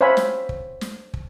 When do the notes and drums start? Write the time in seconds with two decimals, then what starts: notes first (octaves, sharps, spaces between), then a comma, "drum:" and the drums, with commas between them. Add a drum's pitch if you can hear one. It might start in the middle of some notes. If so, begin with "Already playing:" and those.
0.01 C5 C#5 E5 F5 G#5 B5
0.17 drum: snare
0.49 drum: kick
0.81 drum: snare
1.14 drum: kick